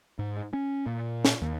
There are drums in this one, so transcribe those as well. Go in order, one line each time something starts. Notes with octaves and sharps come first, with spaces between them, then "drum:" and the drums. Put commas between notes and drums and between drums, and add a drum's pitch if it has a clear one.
G#2
C#4
A#2
drum: snare
D#2